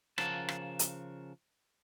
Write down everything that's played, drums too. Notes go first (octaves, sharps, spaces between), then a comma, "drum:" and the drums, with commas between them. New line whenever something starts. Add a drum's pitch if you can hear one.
C#3 F3 A#4 F#5 A5, drum: rim click
drum: rim click
drum: hi-hat